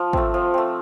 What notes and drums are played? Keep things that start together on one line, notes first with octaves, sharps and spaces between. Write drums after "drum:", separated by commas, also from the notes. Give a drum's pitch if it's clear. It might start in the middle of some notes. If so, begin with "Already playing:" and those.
Already playing: F3
A3 C4, drum: kick
F3
A3 C4